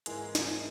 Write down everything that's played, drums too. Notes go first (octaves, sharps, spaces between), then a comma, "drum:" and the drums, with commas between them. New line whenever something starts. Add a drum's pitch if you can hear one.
G#2 E3 G#3 A#3 E4 G#4, drum: hi-hat
drum: snare
D#5